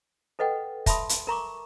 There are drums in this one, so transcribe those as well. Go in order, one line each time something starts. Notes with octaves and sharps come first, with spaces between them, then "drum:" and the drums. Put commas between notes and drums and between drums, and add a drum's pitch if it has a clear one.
A4 B4 D#5 F#5 G5
E5 A5 B5 C6 D#6, drum: kick, hi-hat
drum: hi-hat
A#4 A#5 C#6 D6